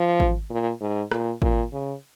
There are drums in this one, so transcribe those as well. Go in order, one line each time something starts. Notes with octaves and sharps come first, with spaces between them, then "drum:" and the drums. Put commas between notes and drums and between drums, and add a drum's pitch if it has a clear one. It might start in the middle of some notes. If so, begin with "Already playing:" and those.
Already playing: F3
drum: kick G#1
A#2
G#2
A#2, drum: rim click
A#2, drum: kick G#1
C#3